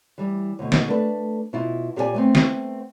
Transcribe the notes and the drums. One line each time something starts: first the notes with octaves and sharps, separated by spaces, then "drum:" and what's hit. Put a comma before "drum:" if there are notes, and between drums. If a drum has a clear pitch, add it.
E3 G3
D2 B2
drum: snare
A3 D4 B4
B2 E4 F4
A#2 G4 A#4 C#5 D5 G#5
A3 B3 C4
drum: snare